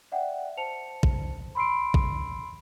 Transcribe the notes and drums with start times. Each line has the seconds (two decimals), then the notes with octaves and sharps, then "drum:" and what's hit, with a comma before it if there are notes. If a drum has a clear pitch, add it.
0.12 D5 E5 F#5 G5
0.57 C5 A5 C#7 F7
1.03 drum: kick
1.55 B5 C6 E6 C7 D7
1.94 drum: kick